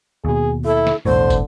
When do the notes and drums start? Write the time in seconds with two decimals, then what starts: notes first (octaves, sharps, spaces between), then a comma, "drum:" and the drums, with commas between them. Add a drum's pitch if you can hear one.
0.25 D#2 B2 G#4
0.65 E4 A4
0.87 drum: snare
1.05 B1 E2 A2 D3 C5
1.30 drum: kick, tambourine